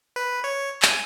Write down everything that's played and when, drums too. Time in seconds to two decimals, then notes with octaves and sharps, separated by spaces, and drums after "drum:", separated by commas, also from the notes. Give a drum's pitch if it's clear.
0.16 B4
0.44 C#5
0.82 G#5, drum: clap